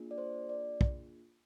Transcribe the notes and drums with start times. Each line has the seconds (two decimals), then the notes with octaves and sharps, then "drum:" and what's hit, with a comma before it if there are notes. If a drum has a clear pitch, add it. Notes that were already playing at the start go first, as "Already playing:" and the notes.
Already playing: A#3 D4 F4 G#4
0.11 D5
0.18 C5
0.49 D5
0.81 drum: kick